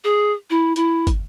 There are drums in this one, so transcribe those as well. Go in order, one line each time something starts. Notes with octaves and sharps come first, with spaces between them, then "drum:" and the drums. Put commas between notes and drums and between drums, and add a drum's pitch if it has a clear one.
G#4
E4
E4, drum: hi-hat
drum: kick, hi-hat